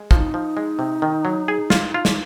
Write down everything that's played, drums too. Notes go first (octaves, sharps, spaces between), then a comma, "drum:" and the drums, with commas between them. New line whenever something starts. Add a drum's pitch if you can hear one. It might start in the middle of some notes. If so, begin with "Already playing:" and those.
Already playing: G#3
F3 F4, drum: kick
D#4
F3
G#3
C3
D#3
F#3
G#4
F4, drum: snare
F4
drum: snare